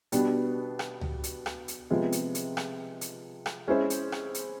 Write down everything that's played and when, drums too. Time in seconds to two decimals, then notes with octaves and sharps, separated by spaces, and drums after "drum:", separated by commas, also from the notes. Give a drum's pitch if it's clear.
0.12 B2 G3 B3 D4, drum: hi-hat
0.79 drum: rim click
1.01 drum: tom C#2
1.24 drum: hi-hat
1.46 drum: rim click
1.68 drum: hi-hat
1.90 C3 F3 G#3 B3
2.12 drum: hi-hat
2.35 drum: hi-hat
2.57 drum: rim click
3.01 drum: hi-hat
3.46 drum: rim click
3.68 G#3 C#4 E4 G#4 C5
3.90 drum: hi-hat
4.12 drum: rim click
4.34 drum: hi-hat